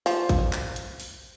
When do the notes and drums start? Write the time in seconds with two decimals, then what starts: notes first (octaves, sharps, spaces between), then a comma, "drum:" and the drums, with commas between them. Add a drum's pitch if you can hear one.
0.06 F3, drum: open hi-hat
0.29 drum: kick, hi-hat
0.53 drum: clap
0.76 drum: hi-hat
1.00 drum: open hi-hat